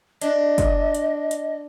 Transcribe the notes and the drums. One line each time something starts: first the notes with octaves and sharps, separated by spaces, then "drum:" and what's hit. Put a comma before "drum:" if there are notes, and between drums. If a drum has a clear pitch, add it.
D4 D#5, drum: hi-hat
drum: kick, hi-hat
drum: hi-hat
drum: hi-hat